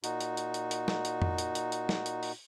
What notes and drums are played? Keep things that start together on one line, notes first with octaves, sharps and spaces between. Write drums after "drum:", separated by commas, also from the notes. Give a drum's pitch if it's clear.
A#2 D#4 F#4, drum: hi-hat
drum: hi-hat
drum: hi-hat
drum: hi-hat
drum: hi-hat
drum: snare
drum: hi-hat
drum: tom F2
drum: hi-hat
drum: hi-hat
drum: hi-hat
drum: snare
drum: hi-hat
drum: open hi-hat